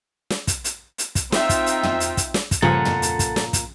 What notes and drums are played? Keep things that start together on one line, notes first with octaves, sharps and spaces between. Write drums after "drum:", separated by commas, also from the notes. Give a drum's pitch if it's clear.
drum: snare
drum: kick, hi-hat
drum: hi-hat
drum: hi-hat
drum: kick, hi-hat
C4 D#4 F4 E5 G5, drum: snare
drum: kick, hi-hat
drum: hi-hat
drum: tom
drum: hi-hat
drum: kick, hi-hat
drum: snare
drum: kick, hi-hat
G2 A#2 C#3 F3 A4 F#5
drum: tom
drum: hi-hat
drum: kick, hi-hat
drum: snare
drum: kick, hi-hat